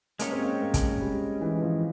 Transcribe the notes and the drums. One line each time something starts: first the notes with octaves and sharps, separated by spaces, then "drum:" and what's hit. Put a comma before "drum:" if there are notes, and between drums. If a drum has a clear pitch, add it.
G#3 A#3 C#4 G4 C#5, drum: hi-hat
C4
A#3
A#3
drum: kick, hi-hat
G3
E3
F3